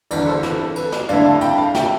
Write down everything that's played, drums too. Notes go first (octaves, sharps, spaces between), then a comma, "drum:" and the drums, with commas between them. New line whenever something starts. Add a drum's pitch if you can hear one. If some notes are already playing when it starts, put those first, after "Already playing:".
G1 G2 E3 B4 D5, drum: cymbal
A4 C5
B4, drum: snare
A4
B4, drum: cymbal
B4, drum: snare
G2 D3 A3 E4 D5 F5, drum: cymbal
F5 A5
G5 B5, drum: cymbal
F5 A5
E5 G5, drum: snare